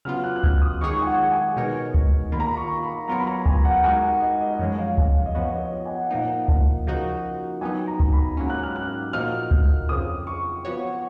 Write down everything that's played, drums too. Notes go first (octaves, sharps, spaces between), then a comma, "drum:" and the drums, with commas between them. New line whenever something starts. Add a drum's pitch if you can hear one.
C#3 F#3 B3 F4 F6
F#6
F#6
F6, drum: kick C#2
D#6
D#3 G#3 D#4 G#4 C#5 C#6
G#5
F#5
G#5
B2 G#3 D#4 A#4 C#5
drum: kick C#2
D#3 A#3 F4 B5
A#5
B5
C#6
B5
F#3 B3 F4 A#4 C#5 A#5
B5
A#5
G#5, drum: kick C#2
F#5
G#3 D#4 F#4 A#4 G#5
F#5
D#5
D#5
D#5
F#2 F3 G#3 C#5
F5
F5, drum: kick C#2
F5
D#5
F3 B3 F#4 C#5
C#5
D#5
G#5
F#5
F5
A#2 F3 A#3 D#4 F#5
drum: kick C#2
C#3 F3 A#3 D#4 F#4
F#3 B3 D#4 G#5
A#5
drum: kick C#2
B5
G#2 F#3 A#3 C#4
F#6
F6
F#6
A#2 F3 A#3 D#4 F#4 F6
drum: kick C#2
F2 C#3 F3 D#6
C#6
F3 B3 F#4 C#5